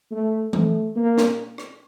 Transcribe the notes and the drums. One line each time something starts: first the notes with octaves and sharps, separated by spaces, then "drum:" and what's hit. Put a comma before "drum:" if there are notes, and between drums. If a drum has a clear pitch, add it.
A3
A3, drum: tom E3
A#3
drum: snare
drum: rim click